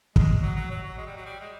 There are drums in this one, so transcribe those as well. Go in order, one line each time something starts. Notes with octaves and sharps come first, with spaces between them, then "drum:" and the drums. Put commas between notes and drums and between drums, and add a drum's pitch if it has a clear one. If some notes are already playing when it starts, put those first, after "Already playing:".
G#3, drum: kick
F#3
F#3
F#3
F#3
G#3
G3
F#3
G3
G#3